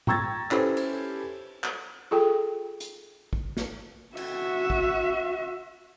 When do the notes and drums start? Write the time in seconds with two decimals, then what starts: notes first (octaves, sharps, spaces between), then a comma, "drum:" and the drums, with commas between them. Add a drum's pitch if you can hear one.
0.07 G5 A#5 C#6 E6 G#6 A6, drum: tom A2
0.51 C#4 E4 G4 A4 B4 C5, drum: clap
0.77 drum: cymbal
1.64 drum: clap
2.11 F4 G#4 A4 G5
2.80 drum: hi-hat
3.33 drum: kick
3.57 drum: snare
4.17 F#4 E5, drum: cymbal
4.70 drum: kick